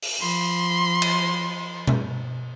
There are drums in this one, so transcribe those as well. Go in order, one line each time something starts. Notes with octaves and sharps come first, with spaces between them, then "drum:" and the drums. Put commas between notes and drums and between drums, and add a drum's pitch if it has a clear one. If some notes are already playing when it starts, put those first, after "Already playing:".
drum: open hi-hat
F3 B5 C6
drum: cymbal
drum: tom B2